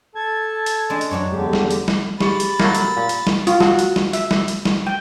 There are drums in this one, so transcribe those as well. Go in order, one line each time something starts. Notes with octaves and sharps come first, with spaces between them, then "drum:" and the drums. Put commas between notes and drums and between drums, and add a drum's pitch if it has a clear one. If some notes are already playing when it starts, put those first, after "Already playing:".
A4 A5 G#6
drum: hi-hat
G#3 D4
drum: hi-hat
F#2 F#3 D4 C#5
E2 D3 G#3 G4
drum: snare
drum: hi-hat
drum: snare
G4 G#4 B5 A6, drum: snare
drum: hi-hat
F#3 A3 A#3, drum: snare
drum: hi-hat
A#2 F5
drum: hi-hat
drum: snare
F4, drum: hi-hat
F#4, drum: snare
drum: hi-hat
drum: snare
E5, drum: hi-hat
drum: snare
drum: hi-hat
drum: snare
G5